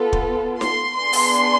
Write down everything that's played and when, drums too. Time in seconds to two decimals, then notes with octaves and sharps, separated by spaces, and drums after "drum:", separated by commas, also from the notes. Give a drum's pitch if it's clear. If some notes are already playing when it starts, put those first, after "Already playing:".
Already playing: B3 F4 A4
0.13 drum: kick
0.61 C6, drum: snare
0.96 B3 D4 G#4 C6
1.13 drum: open hi-hat